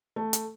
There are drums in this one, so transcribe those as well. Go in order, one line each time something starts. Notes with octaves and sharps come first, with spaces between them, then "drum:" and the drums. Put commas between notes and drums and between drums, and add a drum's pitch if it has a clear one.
A3
drum: hi-hat